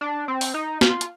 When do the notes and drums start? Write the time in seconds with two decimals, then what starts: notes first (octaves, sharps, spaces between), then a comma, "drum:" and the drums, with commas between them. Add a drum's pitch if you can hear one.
0.01 D4
0.28 C4
0.41 drum: open hi-hat
0.54 D#4
0.81 F4, drum: snare
1.01 drum: hi-hat